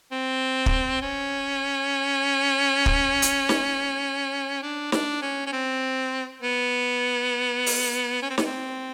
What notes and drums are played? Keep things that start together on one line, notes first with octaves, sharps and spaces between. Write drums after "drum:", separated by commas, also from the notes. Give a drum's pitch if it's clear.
C4
drum: kick
C#4
drum: kick
drum: hi-hat
drum: snare
D4
D4, drum: snare
C#4
C#4
C4
B3
drum: open hi-hat
C#4
C4
B3, drum: snare
C4